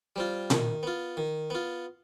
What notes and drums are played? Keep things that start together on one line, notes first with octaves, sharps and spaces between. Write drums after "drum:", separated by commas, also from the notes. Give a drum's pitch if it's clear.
G3 C4 F4
D#3, drum: tom A#2
B3 F4
D#3
B3 F4